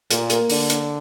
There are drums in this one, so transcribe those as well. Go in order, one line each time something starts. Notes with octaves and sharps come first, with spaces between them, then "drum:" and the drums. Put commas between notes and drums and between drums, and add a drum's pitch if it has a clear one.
A#2 A#3, drum: hi-hat
A#3, drum: hi-hat
D3 D4, drum: open hi-hat
D4, drum: hi-hat